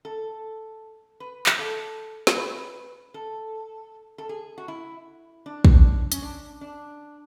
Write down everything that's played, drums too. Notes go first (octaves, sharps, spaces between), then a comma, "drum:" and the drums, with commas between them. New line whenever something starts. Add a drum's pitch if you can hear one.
A4
B4
drum: clap
A4
drum: snare
B4
A4
A4
G#4
F#4
E4
D4
drum: kick
C#4, drum: hi-hat
D4
D4